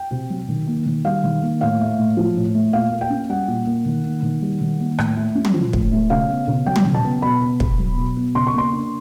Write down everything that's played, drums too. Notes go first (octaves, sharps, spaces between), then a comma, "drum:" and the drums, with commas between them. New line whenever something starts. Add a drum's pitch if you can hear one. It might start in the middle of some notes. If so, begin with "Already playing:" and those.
Already playing: G5
C3
F#3
D#3
A#3
D#3
G3 F5
D#3
A#3
A2 F5
A3
A2
F3
A2
A3
A#2 F5
A#3
G5
C#4
G3 F#5
A#2
A#3
D#3
A#3
D#3
G3
D#3
A#3
A2, drum: rim click
A3
C#4
drum: tom
F3
A2, drum: kick
A3
C#3 F5
B3
C#3
F#3 G5
drum: tom
C#3
A5
B3
B2 B5
B3
B2, drum: kick
F#3
B2
B3
C#3 C6
C#6
A#3 C6
D4